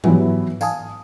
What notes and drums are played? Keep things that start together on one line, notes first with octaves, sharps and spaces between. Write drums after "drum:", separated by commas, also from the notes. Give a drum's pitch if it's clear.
E3 F#3 B3 E4 G4, drum: tom G#2
F5 G#5 A5 D#6, drum: tambourine